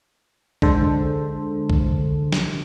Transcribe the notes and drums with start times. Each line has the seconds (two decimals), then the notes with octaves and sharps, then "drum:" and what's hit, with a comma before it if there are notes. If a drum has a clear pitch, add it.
0.62 D3 G#3 A4 C5, drum: kick
1.70 drum: kick
2.33 drum: snare